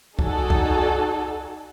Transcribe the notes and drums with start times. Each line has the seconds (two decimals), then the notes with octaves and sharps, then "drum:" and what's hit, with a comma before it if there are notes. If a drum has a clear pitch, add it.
0.19 D#4 F#4 G#4 A4 D5, drum: kick C2
0.50 drum: kick C2